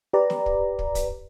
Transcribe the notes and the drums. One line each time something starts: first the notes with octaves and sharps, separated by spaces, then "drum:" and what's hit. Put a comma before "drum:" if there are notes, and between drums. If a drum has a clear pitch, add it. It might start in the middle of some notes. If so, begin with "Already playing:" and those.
G4 B4 D5 A#5
drum: snare
drum: kick
drum: kick
drum: kick, hi-hat